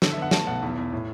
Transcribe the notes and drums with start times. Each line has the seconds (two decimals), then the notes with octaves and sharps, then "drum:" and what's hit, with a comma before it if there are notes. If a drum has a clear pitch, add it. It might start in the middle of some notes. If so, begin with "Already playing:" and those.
0.02 D3 A4, drum: snare
0.12 E5
0.17 B3
0.22 F#5
0.31 A3 A5, drum: snare
0.47 B1 F#5
0.63 E2
0.77 E2
0.92 A2